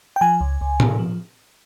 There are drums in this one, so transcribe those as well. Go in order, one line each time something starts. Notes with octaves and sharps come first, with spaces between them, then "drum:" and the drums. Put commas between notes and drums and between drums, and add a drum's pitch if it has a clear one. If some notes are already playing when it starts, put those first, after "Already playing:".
G5
F3 G#5
C#2
C#2
C3, drum: tom A2
F3